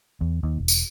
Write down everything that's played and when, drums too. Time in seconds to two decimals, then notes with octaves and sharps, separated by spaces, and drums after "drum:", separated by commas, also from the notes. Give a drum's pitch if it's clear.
0.21 E2
0.43 D#2
0.58 E1
0.68 drum: tambourine